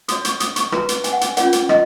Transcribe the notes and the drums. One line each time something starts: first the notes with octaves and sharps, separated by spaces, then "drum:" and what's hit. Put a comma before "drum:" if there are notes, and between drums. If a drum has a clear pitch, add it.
F#4 C#5 D#6, drum: hi-hat
C#6, drum: hi-hat
D#6, drum: hi-hat
C#6, drum: hi-hat
F#4 B4 A#5, drum: rim click
drum: hi-hat
G#5, drum: hi-hat
F#5
G#5, drum: hi-hat
C#4 F4 A#4 C#5 F#5, drum: hi-hat
drum: hi-hat
D#5, drum: rim click